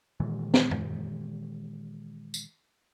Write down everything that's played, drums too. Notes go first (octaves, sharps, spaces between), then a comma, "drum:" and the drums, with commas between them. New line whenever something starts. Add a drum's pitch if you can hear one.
A#2 D#3 E3 G#3
drum: snare
drum: tom F#2
drum: tambourine